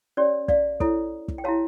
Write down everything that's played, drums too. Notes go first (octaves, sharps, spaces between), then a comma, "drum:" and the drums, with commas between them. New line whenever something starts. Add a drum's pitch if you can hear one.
C#4 G4 C#5 D5
D5 F5, drum: kick
E4 A4 C#5, drum: kick
drum: kick
G5
E4 G4 C#5 F5 A5